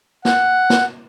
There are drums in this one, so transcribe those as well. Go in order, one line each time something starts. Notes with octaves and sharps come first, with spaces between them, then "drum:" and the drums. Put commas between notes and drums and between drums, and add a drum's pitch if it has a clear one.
F#5, drum: snare
drum: snare